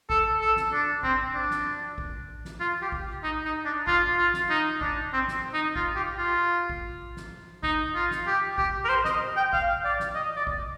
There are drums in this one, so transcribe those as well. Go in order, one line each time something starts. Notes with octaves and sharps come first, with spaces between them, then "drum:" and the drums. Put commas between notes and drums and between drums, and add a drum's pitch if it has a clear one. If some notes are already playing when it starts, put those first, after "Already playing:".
A4, drum: kick A1
A4
drum: snare
D4
C4, drum: kick A1
D4
drum: snare
drum: kick A1
drum: snare
F4
G4
drum: kick A1
D#4
D#4
D4
F4, drum: kick A1
F4
drum: snare
D#4
D4, drum: kick A1
C4
drum: snare
D#4
F4, drum: kick A1
G4
F4
drum: kick A1
drum: snare
D#4, drum: kick A1
F4
drum: snare
G4
G4, drum: kick A1
A#4
C5
D#5, drum: snare
G5
F5, drum: kick A1
D5
drum: snare
D#5
D5
drum: kick A1